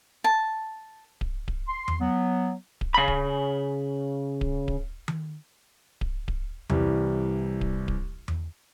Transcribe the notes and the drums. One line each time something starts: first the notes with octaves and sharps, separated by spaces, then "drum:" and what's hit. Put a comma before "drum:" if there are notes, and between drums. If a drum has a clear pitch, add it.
A5
drum: kick D1
drum: kick D1
C6
drum: tom E2
F#3 B3
drum: kick D1
C#3 B5
drum: kick D1
drum: kick D1
drum: kick D1
drum: tom D#3
drum: kick D1
drum: kick D1
C2 E3 G3, drum: tom E2
drum: kick D1
drum: kick D1
drum: tom E2